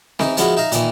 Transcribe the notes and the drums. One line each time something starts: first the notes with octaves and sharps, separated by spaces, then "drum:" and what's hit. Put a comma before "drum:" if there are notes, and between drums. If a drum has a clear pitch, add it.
E3 D#4, drum: snare C4
F3 G#3 B3 C#4 E4 F#4, drum: hi-hat
D#4 E5 F5 A#5
A#2 D#3 E3, drum: hi-hat